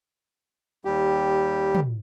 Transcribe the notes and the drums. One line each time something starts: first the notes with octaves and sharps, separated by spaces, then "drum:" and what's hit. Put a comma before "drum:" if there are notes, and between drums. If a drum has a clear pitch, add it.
D#2 G3 G4
drum: tom